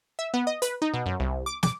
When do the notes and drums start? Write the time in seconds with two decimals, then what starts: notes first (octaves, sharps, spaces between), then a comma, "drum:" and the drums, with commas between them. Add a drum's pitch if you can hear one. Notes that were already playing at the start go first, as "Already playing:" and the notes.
0.19 E5
0.34 B3
0.47 D#5
0.62 B4, drum: hi-hat
0.82 D#4
0.94 B2
1.06 F#2
1.20 C2
1.46 D6
1.63 D6, drum: snare